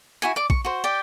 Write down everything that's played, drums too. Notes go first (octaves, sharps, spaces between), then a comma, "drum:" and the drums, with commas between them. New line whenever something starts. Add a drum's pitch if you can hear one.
E4 F#4 G#5
D5 D6
C#6, drum: kick A#1
F#4 C5
G4 D5 G5, drum: hi-hat